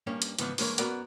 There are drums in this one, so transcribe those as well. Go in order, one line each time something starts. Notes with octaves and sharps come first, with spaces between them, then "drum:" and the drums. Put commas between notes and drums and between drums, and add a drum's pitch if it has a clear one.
G2 A#3 C#4
drum: hi-hat
C#2 G#2 E3 F3 B3, drum: hi-hat
G2 E3 G#3 A#3 A#4 C#5, drum: open hi-hat
F#2 B3 F#4 A#4 D5 F#5, drum: hi-hat